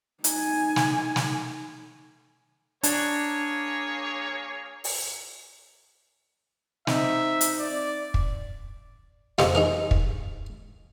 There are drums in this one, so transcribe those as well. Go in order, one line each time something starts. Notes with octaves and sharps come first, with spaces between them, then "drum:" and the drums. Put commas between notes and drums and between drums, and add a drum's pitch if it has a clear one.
D#4 G#5, drum: hi-hat
drum: snare
drum: snare
A#3 D4 G#4 C#5, drum: hi-hat
drum: open hi-hat
C4 D#4 E5, drum: snare
drum: hi-hat
D5
drum: kick
F2 F3 C4 G4 D#5 C#6, drum: snare
D#4 G#4 A#4
drum: kick